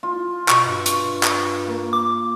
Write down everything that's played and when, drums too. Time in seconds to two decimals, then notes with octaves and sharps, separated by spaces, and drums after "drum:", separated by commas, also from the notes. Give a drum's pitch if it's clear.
0.03 F4
0.48 B2 C#6, drum: clap
0.67 G2
0.86 drum: hi-hat
1.23 drum: clap
1.68 A#3
1.93 D6